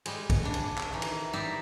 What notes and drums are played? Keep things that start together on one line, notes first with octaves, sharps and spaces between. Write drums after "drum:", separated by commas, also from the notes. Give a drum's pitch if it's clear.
G3 G#3, drum: cymbal
drum: kick, cymbal
C#3 D4
drum: cymbal
drum: clap
D#3 E3
drum: cymbal
G3 D#4 E4 D5 E5